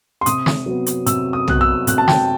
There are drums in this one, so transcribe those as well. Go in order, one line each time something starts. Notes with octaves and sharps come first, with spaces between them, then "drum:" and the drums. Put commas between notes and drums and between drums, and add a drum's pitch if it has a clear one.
C6
C3 D#6, drum: hi-hat
drum: snare
F#3 B3
drum: hi-hat
C3 E6, drum: hi-hat
D#6
F#3 B3 F#6, drum: tom B1
E6
C3 F#6, drum: hi-hat
A5
G5, drum: snare